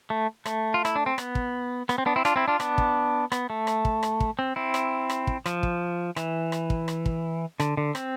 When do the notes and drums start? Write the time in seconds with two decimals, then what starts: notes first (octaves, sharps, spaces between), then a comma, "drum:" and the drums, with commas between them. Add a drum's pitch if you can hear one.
0.10 A3
0.46 A3, drum: rim click
0.74 F4
0.85 E4, drum: rim click
0.96 D4
1.06 C4
1.18 B3, drum: rim click
1.35 drum: kick
1.89 B3, drum: rim click
1.98 C4
2.06 B3 D4
2.16 C4 E4
2.25 D4 F4, drum: rim click
2.36 C4 E4
2.48 D4 F4
2.60 B3 D4, drum: rim click
2.78 drum: kick
3.32 B3, drum: rim click
3.50 A3
3.67 drum: rim click
3.85 drum: kick
4.03 drum: rim click
4.20 drum: kick
4.39 C4
4.56 C4 E4
4.74 drum: rim click
5.10 drum: rim click
5.27 drum: kick
5.46 F3, drum: rim click
5.63 drum: kick
6.16 E3, drum: rim click
6.52 drum: rim click
6.70 drum: kick
6.88 drum: rim click
7.06 drum: kick
7.60 D3, drum: rim click
7.77 D3
7.95 C4, drum: rim click